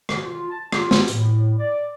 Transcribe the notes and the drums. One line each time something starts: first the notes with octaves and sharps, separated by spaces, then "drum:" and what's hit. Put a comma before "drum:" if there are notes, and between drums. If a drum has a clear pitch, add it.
drum: rim click
F4
A5
F4, drum: rim click
drum: snare
A2, drum: hi-hat
D5